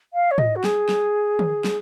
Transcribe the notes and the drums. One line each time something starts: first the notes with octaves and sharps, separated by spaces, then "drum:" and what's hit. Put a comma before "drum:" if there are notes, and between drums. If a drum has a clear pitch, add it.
F5
C#5
D#5, drum: tom
F#4
G#4, drum: snare
drum: snare
drum: tom
drum: snare